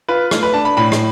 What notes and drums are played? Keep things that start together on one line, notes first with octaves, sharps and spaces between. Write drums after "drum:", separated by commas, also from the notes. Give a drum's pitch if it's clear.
F4 B4
A3, drum: rim click
B4
D4 A5
B5
A2 B5
drum: rim click